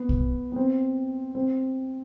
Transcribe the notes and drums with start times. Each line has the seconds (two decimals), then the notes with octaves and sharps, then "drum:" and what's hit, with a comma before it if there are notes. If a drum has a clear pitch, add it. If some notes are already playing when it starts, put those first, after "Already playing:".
Already playing: B3
0.09 drum: kick
0.52 B3
0.56 C4
1.35 C4